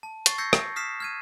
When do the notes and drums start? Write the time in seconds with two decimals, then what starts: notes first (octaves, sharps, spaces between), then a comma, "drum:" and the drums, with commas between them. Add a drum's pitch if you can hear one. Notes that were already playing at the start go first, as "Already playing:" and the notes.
0.03 A5
0.26 C#6 A6 C7, drum: hi-hat
0.38 E6 G6 G#6 A#6 C7 C#7
0.53 drum: rim click
0.76 D#6 F6 B6 C7 E7
1.00 F6 G#6 D#7